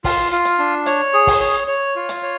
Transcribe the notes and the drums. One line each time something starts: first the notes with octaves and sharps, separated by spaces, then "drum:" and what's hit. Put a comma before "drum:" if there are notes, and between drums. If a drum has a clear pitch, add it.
F4, drum: kick, open hi-hat
F4
drum: hi-hat
D4
C#5, drum: hi-hat
G#4
drum: kick, open hi-hat
C#5
C#5
F4
drum: hi-hat
C#5